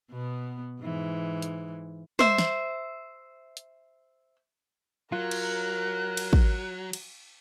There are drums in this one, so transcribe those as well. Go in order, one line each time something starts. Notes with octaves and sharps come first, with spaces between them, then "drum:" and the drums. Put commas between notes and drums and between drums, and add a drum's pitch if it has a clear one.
B2 B3
G#2 E3
drum: hi-hat
C5 E5, drum: tom
drum: snare
drum: hi-hat
F#3 F4 A#4 F#6
drum: cymbal
drum: cymbal
drum: kick
drum: cymbal